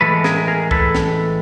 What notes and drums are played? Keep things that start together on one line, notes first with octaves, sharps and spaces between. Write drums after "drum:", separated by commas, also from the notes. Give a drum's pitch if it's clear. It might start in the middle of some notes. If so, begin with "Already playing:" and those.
A2 E3 G#3 A4 B4
G#4 A#4, drum: snare
G#4 A#4
A4 B4, drum: kick
drum: snare